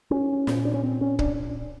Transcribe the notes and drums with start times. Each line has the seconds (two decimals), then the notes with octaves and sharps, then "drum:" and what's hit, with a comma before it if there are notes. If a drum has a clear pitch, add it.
0.11 C#4
0.47 A#2, drum: snare
0.65 D4
0.74 C#4
0.83 C4
1.01 C#4
1.19 D4, drum: kick